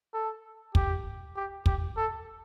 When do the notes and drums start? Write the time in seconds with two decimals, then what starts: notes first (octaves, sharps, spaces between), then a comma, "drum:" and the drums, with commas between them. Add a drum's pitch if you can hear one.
0.14 A4
0.75 G4, drum: kick
1.36 G4
1.66 G4, drum: kick
1.97 A4